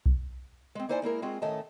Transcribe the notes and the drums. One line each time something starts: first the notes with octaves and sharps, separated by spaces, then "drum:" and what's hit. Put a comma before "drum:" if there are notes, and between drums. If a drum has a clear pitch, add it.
drum: kick B1
G#3 C4
A#3 D#4 E4 C5 D5 G#5
G#3 A#3 E4 A#4
G#3 C4 F4 F#4 G#4
A2 D#3 A3 C#4 D#5 A5